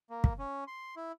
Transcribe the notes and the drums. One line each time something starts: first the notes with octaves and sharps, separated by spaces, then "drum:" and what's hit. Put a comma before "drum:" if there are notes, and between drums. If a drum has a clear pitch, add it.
A#3
drum: kick
C#4
C6
E4